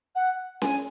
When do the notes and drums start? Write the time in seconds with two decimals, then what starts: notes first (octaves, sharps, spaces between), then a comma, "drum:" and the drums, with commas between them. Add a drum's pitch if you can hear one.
0.15 F#5
0.62 G#5, drum: snare C#4